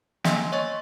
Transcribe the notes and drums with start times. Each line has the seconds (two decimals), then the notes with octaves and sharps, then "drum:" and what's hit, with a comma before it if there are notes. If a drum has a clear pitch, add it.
0.24 A#3 D#5 G#5 C6 E6, drum: snare
0.52 C#5 D#5 C6 C#6 A6